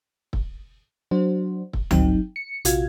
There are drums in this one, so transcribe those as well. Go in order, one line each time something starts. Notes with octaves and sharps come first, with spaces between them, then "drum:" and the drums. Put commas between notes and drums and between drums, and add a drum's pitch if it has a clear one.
drum: kick
F#3 D4 F#4 C5
drum: kick
G1 F#3 C4 D#4 G5, drum: tom C#2
C#7
A#1 C3 F4 F#4 F5 G#6, drum: hi-hat